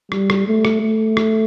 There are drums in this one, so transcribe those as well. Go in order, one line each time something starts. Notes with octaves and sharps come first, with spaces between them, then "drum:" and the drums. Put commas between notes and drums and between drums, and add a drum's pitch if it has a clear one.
G3, drum: rim click
drum: rim click
A3
drum: rim click
A3
drum: rim click